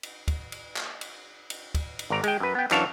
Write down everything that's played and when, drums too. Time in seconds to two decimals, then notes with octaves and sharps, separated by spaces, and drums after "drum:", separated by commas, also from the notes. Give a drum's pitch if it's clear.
0.03 drum: cymbal
0.28 drum: kick, cymbal
0.52 drum: cymbal
0.77 drum: clap
1.01 drum: cymbal
1.50 drum: cymbal
1.75 drum: kick, cymbal
1.99 drum: cymbal
2.10 G#1 D5 A#5
2.24 G#3 G5, drum: cymbal
2.40 F#2 B4
2.55 B3 G5
2.71 F#2 E3 D4 C#5 F5 A5, drum: clap